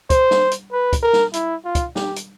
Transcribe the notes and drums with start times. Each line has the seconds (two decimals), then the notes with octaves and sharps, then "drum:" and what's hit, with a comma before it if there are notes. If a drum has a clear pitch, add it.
0.10 C5, drum: kick, hi-hat
0.31 drum: snare
0.52 drum: hi-hat
0.72 B4
0.93 drum: kick, hi-hat
1.02 A#4
1.13 drum: snare
1.33 E4, drum: hi-hat
1.65 F4
1.75 drum: kick, hi-hat
1.96 G4, drum: snare
2.16 drum: hi-hat